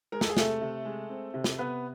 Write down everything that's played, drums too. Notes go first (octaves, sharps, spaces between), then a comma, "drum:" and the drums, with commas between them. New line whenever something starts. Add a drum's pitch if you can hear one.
G#3 A#4
A4, drum: snare
G#4
C3 A3 A4, drum: snare
C3
G#3
C4
C3
drum: snare
C3 B3 B4